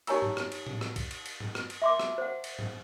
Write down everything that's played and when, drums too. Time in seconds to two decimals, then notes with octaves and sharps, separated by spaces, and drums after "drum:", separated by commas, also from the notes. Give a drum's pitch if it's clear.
0.07 D#4 G4 C#5 G#5 A#5 E6, drum: cymbal
0.22 drum: tom G2
0.37 drum: rim click
0.52 drum: cymbal
0.66 drum: tom A2
0.81 drum: rim click
0.96 drum: kick, cymbal
1.11 drum: cymbal
1.26 drum: cymbal
1.40 drum: tom G2
1.55 drum: rim click
1.70 drum: cymbal
1.82 E5 C6 D6
2.00 drum: rim click
2.18 C5 F#5
2.44 drum: cymbal
2.59 drum: tom G2